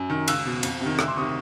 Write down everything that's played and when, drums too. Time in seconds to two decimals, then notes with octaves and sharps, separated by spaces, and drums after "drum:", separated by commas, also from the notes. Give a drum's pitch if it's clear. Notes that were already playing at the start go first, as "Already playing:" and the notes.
Already playing: F#2
0.10 D#3
0.28 C#2 E6 F#6, drum: cymbal
0.45 B2
0.63 F2, drum: cymbal
0.81 C3 D#3
0.99 D2 E6 F#6, drum: rim click
1.08 C6 D6
1.16 C3 D#3 C#6 D#6